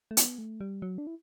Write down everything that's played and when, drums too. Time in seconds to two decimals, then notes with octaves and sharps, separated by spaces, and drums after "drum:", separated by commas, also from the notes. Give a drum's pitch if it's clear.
0.11 A3
0.17 B3, drum: hi-hat
0.38 A3
0.61 G3
0.82 F#3
0.98 D4
1.07 E4